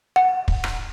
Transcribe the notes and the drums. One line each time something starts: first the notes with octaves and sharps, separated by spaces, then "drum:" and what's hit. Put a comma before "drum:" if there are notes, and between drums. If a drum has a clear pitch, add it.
F#5
drum: kick
drum: rim click